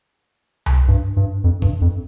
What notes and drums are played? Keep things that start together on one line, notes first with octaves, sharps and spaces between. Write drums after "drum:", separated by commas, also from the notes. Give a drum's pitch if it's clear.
drum: tom C2
G2
G2
F2
G2, drum: kick G1
F2